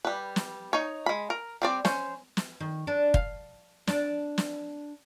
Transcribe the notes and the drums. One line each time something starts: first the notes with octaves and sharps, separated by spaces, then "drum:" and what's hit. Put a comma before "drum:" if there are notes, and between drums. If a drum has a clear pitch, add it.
G3 B4
drum: snare
D#4 C#5
G#3 B5
A#4
G3 C4 D5
C#4 C5, drum: snare
drum: snare
D#3
D4
F5, drum: kick
D4, drum: snare
drum: snare